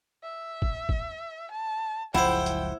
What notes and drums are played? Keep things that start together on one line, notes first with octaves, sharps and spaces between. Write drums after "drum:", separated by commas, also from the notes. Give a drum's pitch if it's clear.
E5
drum: kick
drum: kick
A5
F#1 C#2 F3 E4 C5 F#5 G5
drum: hi-hat